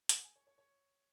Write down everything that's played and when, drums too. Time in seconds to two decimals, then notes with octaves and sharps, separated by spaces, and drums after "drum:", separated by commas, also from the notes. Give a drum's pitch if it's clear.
0.09 F#5, drum: hi-hat
0.24 G#5
0.36 C#5
0.47 C#5
0.58 C#5